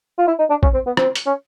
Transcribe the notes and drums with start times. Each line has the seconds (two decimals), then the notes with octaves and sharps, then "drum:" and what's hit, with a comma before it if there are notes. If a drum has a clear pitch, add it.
0.18 F4
0.28 E4
0.39 D#4
0.50 D4
0.63 C#4, drum: kick A#1
0.74 C4
0.86 B3
0.97 C4, drum: rim click
1.15 drum: hi-hat
1.26 C#4